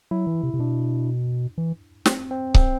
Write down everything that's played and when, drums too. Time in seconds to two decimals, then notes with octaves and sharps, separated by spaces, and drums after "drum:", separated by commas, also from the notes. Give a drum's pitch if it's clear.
0.11 F#3 E4
0.27 E3
0.43 C3
0.54 C3
0.59 B2 D4
1.58 E3
2.06 C4, drum: snare
2.31 C4
2.54 C4, drum: kick C#1